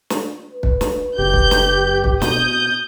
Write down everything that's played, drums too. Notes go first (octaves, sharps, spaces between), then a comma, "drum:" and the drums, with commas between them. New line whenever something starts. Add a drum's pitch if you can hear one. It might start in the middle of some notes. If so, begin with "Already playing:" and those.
drum: snare
B4
drum: kick
drum: snare
F#1 G4 G6
drum: kick
drum: snare
drum: kick
B2 D#6 G6, drum: snare